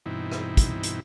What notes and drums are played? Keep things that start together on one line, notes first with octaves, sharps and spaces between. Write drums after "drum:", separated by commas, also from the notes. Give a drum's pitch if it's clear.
G2 B2 E3 C4 D#4 E4
drum: rim click
drum: kick, hi-hat
drum: hi-hat